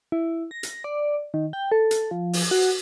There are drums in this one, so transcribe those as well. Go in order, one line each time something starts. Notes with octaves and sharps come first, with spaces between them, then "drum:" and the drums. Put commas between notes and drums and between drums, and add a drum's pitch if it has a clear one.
E4
A#6
drum: hi-hat
D5
D#3
G5
A4
drum: hi-hat
F3
drum: open hi-hat
F#4